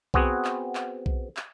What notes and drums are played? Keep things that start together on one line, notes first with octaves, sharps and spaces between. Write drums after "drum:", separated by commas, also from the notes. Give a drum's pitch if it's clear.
B3 C4 F#4 G#4, drum: kick B1
drum: clap
drum: clap
drum: kick B1
drum: clap